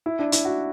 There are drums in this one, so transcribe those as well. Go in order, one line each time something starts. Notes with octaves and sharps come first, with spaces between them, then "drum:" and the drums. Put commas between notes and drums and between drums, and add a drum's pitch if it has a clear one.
E4
D4
E4, drum: hi-hat
F#4